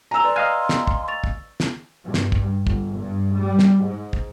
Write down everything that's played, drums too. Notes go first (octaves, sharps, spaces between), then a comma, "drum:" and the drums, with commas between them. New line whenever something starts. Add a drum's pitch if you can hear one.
G#5 A#5 E6 F7
B4 D5 C6
D#5 F5 G#5 F6 F#6 D#7
drum: snare
drum: kick
C#6 A6 F7
drum: kick
drum: snare
G2
drum: snare
drum: kick
G1, drum: kick
G2
G3
drum: snare
G#2
drum: kick